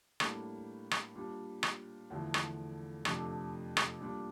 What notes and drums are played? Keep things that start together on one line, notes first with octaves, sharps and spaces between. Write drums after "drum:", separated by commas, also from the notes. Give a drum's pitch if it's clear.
A2 G3 A#3 D4, drum: rim click
drum: rim click
A#2 G3 D4
drum: rim click
E2 D3 F3 A3 E4
drum: rim click
F2 C3 F3 A3 D4, drum: rim click
drum: rim click
A#2 G3 D4